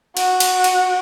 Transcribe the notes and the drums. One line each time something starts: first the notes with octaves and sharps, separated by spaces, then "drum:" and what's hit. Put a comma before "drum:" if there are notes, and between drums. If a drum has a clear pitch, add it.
F#4, drum: cymbal
drum: cymbal
drum: cymbal